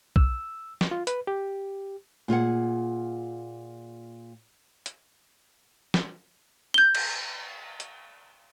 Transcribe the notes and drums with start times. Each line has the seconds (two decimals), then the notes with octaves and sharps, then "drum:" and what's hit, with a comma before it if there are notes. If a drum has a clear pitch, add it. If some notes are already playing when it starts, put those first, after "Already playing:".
0.16 E6, drum: kick
0.81 drum: snare
0.91 F4
1.07 B4, drum: hi-hat
1.27 G4
2.28 A#2 F4 G#4 F#5
4.86 drum: hi-hat
5.94 drum: snare
6.74 G6 G7
6.95 drum: cymbal
7.80 drum: hi-hat